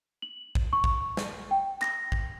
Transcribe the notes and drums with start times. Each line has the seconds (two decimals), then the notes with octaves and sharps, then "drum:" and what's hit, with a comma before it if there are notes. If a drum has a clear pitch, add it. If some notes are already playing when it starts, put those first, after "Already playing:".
0.22 F#7
0.55 drum: kick
0.73 C#6
0.84 drum: kick
1.17 drum: snare
1.51 G5
1.82 A#6, drum: clap
2.12 drum: kick